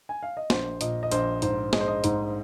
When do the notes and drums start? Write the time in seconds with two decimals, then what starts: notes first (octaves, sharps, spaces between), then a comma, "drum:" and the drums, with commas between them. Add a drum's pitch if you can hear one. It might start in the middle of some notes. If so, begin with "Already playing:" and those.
0.09 G#5
0.23 F5
0.37 D#5
0.50 A#1 C5, drum: snare
0.81 A#2 D#5, drum: hi-hat
1.03 D#5
1.12 A#1 C5, drum: hi-hat
1.42 G#2 C5, drum: hi-hat
1.73 G#3 D#5, drum: snare
1.80 C5
1.88 D#5
2.04 G#2 C5, drum: hi-hat